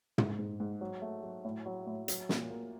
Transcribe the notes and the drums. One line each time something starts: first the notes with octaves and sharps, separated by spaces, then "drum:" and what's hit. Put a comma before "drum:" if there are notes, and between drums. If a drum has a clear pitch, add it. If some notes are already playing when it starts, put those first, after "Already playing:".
G#2, drum: tom
G#2
G#2
F#3
A3
F#3
A2
F#3
A2
F#3, drum: hi-hat
A#2, drum: snare
A#3